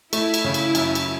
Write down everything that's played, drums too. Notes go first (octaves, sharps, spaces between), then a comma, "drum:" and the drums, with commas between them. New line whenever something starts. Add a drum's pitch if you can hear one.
A3 E4, drum: cymbal
drum: cymbal
C#3
drum: cymbal
F#2, drum: cymbal
drum: cymbal